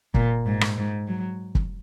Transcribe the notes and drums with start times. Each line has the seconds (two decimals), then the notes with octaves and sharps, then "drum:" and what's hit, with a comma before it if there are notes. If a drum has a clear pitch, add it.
0.14 A#2, drum: kick
0.46 G#2
0.61 drum: rim click
0.78 G#2
1.08 F#3
1.55 drum: kick